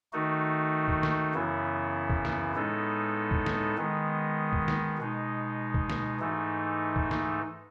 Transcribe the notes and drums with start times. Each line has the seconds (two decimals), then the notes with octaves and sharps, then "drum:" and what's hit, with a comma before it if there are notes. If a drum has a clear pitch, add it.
0.13 D#3 A3 D#4 F#4
0.88 drum: kick
1.03 drum: snare
1.34 F#2 C#3 E3 B3 E4
2.10 drum: kick
2.25 drum: snare
2.55 A2 G#3 B3 D#4 A4
3.31 drum: kick
3.46 drum: snare
3.77 D#3 G#3 B3
4.53 drum: kick
4.68 drum: snare
4.98 B2 G#3 D#4
5.74 drum: kick
5.90 drum: snare
6.20 G#2 E3 A3 D#4
6.96 drum: kick
7.11 drum: snare